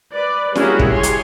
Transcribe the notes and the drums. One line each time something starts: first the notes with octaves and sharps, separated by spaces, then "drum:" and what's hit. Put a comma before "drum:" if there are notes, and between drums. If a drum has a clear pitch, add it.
B4 D5
G3 A#3 C#4 E4 F#4 G#4, drum: snare
drum: kick
G4 G#4 C#5 G#5 C6
drum: hi-hat